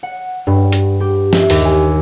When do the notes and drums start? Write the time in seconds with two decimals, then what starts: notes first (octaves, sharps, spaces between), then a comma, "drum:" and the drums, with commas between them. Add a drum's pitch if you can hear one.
0.03 F#5
0.47 G2
0.72 drum: hi-hat
1.00 G4
1.33 E5, drum: snare
1.50 D#2, drum: open hi-hat
1.65 G#5